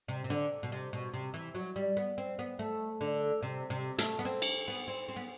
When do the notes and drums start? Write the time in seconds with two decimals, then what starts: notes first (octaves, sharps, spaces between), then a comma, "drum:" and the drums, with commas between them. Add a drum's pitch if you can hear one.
0.08 C3
0.24 C3
0.30 D3
0.63 B2
0.72 C3
0.93 B2
1.14 C3
1.34 E3
1.55 F#3
1.76 G3
1.97 B3
2.18 C4
2.39 B3
2.59 A3
3.01 D3
3.43 C3
3.70 C3
3.98 A3, drum: hi-hat
4.19 B3
4.25 C4
4.42 drum: cymbal
4.68 B3
4.88 C4
5.08 C4
5.16 B3